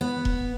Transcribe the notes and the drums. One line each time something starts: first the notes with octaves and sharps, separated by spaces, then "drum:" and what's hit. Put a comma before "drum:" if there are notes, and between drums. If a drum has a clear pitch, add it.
B3
drum: kick E1